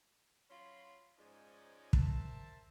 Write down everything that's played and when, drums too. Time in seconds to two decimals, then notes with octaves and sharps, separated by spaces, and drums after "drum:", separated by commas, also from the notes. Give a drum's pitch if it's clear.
0.50 F#3 C#4 F4 B5 C6
1.18 G#2 F3 G#3 C#4 D#4 D5
1.93 A#4 C5 E5 A5, drum: kick